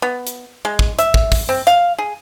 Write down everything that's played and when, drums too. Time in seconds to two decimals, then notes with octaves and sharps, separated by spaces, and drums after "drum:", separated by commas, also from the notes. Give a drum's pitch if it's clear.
0.02 B3
0.27 drum: hi-hat
0.65 G#3
0.79 drum: kick
0.99 E5, drum: hi-hat
1.14 drum: kick
1.32 drum: kick, open hi-hat
1.49 C4
1.67 F5, drum: hi-hat
1.98 G#4